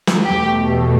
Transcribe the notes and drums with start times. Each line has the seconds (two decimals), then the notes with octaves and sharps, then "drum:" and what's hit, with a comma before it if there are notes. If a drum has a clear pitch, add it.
0.07 drum: snare
0.25 E2 B2 A3 G4